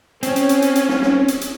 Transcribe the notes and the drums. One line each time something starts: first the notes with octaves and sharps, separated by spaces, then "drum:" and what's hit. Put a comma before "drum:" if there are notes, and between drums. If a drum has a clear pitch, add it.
C4 C#4, drum: hi-hat
drum: hi-hat
drum: hi-hat
drum: hi-hat
drum: hi-hat
drum: snare
drum: snare
drum: hi-hat
drum: hi-hat